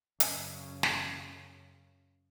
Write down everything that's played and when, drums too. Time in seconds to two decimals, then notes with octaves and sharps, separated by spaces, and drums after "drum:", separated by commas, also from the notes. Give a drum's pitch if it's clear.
0.20 F#2 C#3, drum: hi-hat
0.83 drum: snare